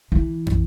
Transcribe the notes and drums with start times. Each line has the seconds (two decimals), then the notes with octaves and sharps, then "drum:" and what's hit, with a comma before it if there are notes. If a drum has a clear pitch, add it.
0.12 E3
0.47 drum: tom